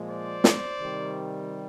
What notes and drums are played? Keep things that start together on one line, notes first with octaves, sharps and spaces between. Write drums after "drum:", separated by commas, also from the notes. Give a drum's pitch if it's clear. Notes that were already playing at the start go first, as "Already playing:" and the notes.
Already playing: A#2 F3 G#3
C5 D5
drum: snare
C3 D#3 G3